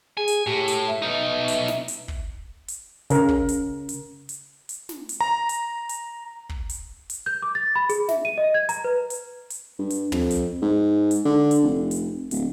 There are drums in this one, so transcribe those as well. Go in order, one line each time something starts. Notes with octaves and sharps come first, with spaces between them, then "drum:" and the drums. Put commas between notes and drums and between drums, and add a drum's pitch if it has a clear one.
G#4 G#5
drum: hi-hat
A2 G4
drum: hi-hat
E5
B2 D#4
drum: hi-hat
drum: snare
drum: hi-hat
drum: kick
drum: hi-hat
C#3 A#4, drum: hi-hat
drum: kick
drum: hi-hat
drum: hi-hat
drum: hi-hat
drum: hi-hat
drum: snare
drum: hi-hat
A#5
drum: hi-hat
drum: hi-hat
drum: kick
drum: hi-hat
drum: hi-hat
G6
D6
A6
B5
G#4, drum: hi-hat
E5, drum: snare
D#7
D#5
G#6
A#5, drum: hi-hat
B4
drum: hi-hat
drum: hi-hat
G2
drum: hi-hat
F2, drum: tom
drum: hi-hat
G#2
drum: hi-hat
D3
drum: hi-hat
F1
drum: hi-hat
D1, drum: hi-hat